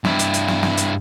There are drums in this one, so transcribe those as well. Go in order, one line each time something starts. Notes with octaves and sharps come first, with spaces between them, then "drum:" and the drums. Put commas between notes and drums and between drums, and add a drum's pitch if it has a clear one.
G2 E4, drum: snare
drum: hi-hat
drum: hi-hat
drum: snare
drum: snare
drum: hi-hat